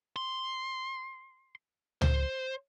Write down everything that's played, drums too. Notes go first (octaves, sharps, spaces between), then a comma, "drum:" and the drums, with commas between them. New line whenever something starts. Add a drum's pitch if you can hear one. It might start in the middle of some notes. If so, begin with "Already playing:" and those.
C6
C5, drum: tom C#2